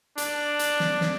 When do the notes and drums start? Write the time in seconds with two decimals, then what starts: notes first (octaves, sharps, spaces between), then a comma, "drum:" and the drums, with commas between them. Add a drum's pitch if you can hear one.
0.18 D4, drum: hi-hat
0.59 drum: hi-hat
0.80 drum: snare
1.01 drum: snare